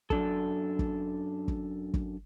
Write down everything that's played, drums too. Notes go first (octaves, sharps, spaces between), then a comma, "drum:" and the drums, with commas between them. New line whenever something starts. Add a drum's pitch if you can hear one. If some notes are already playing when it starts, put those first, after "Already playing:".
F#2 D4 A4, drum: kick
drum: kick
drum: kick
drum: kick